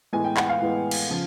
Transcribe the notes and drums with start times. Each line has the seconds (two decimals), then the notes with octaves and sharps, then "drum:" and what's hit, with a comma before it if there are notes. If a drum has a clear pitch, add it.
0.13 A2 E3 G#3 B3 G#5
0.24 G5
0.37 F#5, drum: clap
0.49 F5
0.61 A2 E3 G#3 B3
0.91 drum: cymbal
1.09 C#3 F3